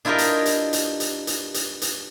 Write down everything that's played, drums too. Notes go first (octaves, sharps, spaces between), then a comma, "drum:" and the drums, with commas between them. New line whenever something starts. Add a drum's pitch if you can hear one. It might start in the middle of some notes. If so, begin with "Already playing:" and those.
D4 E4 F4 G4 A#4 D#5
drum: hi-hat
drum: hi-hat
drum: hi-hat
drum: hi-hat
drum: hi-hat
drum: hi-hat
drum: hi-hat